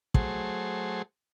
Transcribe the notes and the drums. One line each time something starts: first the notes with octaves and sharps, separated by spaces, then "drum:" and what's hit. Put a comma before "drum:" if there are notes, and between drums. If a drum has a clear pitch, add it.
F#3 A3 G#4 C5, drum: kick